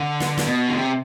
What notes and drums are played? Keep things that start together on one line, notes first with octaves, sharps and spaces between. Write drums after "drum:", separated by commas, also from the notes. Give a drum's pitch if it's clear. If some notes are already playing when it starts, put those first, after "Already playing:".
Already playing: D3
drum: snare
drum: snare
B2
D3
C3